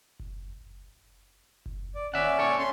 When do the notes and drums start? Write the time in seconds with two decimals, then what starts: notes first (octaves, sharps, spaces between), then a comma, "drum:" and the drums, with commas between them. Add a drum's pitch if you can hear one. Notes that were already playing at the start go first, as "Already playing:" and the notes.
0.20 drum: kick F#1
1.66 drum: kick F#1
1.95 D5
2.14 C#4 D5 E5 F#5
2.39 A4 C#5
2.58 C#4 C6